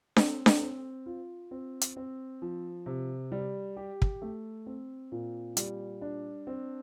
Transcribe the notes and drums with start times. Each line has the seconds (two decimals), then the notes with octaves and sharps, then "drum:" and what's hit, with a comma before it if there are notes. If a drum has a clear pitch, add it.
0.16 C4, drum: snare D4
0.46 drum: snare D4
0.61 C4
1.06 F4
1.51 C4
1.81 drum: hi-hat
1.96 C4
2.42 F3
2.86 C3
3.32 G3
3.77 G4
4.02 drum: kick
4.22 A3
4.66 C4
5.12 A#2
5.57 G3, drum: hi-hat
6.01 D4
6.47 C4